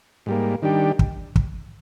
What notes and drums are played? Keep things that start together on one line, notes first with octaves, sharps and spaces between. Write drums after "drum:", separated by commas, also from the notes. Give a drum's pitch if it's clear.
G#2 G3 A#3
D#3 G3 D4 G4
drum: kick
drum: kick